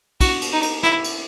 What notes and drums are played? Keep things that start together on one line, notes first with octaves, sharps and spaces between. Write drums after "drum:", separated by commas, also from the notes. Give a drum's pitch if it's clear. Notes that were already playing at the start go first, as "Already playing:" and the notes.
F#4, drum: kick, cymbal
drum: cymbal
D#4
drum: cymbal
E4, drum: snare
drum: cymbal